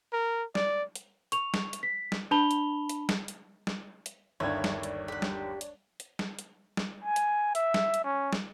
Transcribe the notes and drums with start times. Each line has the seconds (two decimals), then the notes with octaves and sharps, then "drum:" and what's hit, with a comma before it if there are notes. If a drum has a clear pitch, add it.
0.13 A#4
0.55 D5, drum: snare
0.95 drum: hi-hat
1.32 C#6 F7, drum: hi-hat
1.54 drum: snare
1.73 drum: hi-hat
1.83 B6
2.12 drum: snare
2.31 D4 A5 B5 F7 G7
2.51 drum: hi-hat
2.89 drum: hi-hat
3.09 drum: snare
3.28 drum: hi-hat
3.67 drum: snare
4.06 drum: hi-hat
4.40 G1 D#2 D4 E4 C#5 G#6
4.64 drum: snare
4.83 drum: hi-hat
5.08 G4 F#5
5.22 drum: snare
5.61 drum: hi-hat
6.00 drum: hi-hat
6.19 drum: snare
6.39 drum: hi-hat
6.77 drum: snare
7.05 G#5
7.16 drum: hi-hat
7.55 E5, drum: hi-hat
7.74 drum: snare
7.94 drum: hi-hat
8.04 C#4
8.33 drum: snare